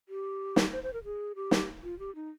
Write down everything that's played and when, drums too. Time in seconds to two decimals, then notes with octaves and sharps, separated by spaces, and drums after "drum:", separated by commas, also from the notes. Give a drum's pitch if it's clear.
0.09 G4
0.56 drum: snare
0.72 C5
0.83 C5
0.93 A#4
1.04 G#4
1.36 G4
1.51 drum: snare
1.83 F4
1.99 G4
2.15 D#4